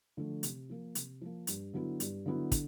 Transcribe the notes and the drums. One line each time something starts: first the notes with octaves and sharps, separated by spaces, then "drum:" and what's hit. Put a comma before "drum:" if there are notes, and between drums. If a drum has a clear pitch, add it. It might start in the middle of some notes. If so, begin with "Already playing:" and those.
D3 F3 A3
C3, drum: hi-hat
F3 A#3
C3, drum: hi-hat
F3 A#3
G2, drum: hi-hat
D3 F#3 B3 E4
G2, drum: hi-hat
D3 F#3 B3 E4
D3, drum: kick, hi-hat